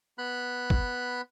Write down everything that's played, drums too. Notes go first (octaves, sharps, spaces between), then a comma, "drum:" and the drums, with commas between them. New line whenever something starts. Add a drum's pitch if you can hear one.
B3 B5 F#6
drum: kick